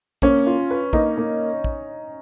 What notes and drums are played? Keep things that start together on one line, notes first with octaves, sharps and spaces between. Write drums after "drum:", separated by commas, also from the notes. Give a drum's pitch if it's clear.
A#3 C#4, drum: kick
F4
B4
A#3 D#4, drum: kick
A#3
drum: kick